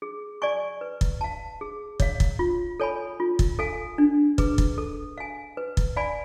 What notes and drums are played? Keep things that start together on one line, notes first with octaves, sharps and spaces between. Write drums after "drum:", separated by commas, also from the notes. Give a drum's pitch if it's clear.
G#4
D5 G#5 C#6
B4
drum: kick
F5 A5
G#4
C#5 F5, drum: kick
drum: kick
F4
A4 C#5 G#5 B5
F4
drum: kick
A4 F5 G#5
D4
G#4 B4, drum: kick
drum: kick
A4
F5 G#5
B4
drum: kick
D5 F5 G#5 B5